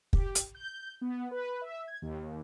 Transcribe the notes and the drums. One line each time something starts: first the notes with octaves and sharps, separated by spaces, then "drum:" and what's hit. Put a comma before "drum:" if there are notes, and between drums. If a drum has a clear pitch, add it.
G4, drum: kick
drum: hi-hat
G6
B3
B4
E5
G#6
D#2